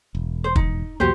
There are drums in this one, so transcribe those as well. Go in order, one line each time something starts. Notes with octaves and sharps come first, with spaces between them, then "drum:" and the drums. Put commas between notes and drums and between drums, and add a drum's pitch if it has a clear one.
E1
C5
D#4, drum: kick
B1 E2 A#3 F#4 G4 C5